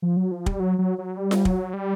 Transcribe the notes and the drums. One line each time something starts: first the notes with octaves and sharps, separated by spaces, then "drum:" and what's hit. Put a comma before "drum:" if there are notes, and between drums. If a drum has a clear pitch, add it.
F3
F#3
F3
G3, drum: kick
F#3
F#3
F#3
G3
drum: snare F4
F#3, drum: kick
G3